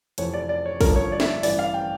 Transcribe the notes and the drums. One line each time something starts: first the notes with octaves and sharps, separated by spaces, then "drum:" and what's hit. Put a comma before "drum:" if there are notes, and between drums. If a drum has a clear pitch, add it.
F1 F2 E3 C#5, drum: hi-hat
D5
D5
C#5
A1 G2 D3 F3 A#4, drum: kick, open hi-hat
C#5
D5
E5, drum: snare
D5
A1 G2 E3 D5, drum: open hi-hat
F5
G5